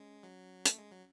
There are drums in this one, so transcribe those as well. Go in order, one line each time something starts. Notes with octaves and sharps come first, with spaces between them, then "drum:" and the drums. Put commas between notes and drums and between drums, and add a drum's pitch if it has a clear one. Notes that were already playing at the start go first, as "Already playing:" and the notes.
Already playing: G#3 C#4
F#3
A3, drum: hi-hat
G#3
F#3